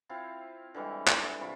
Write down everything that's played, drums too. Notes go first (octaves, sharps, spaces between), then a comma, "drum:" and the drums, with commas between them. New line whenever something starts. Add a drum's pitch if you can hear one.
C4 E4 F4 F5
D3 E3 G3 G#3
drum: clap
C3 F4 B5 C#6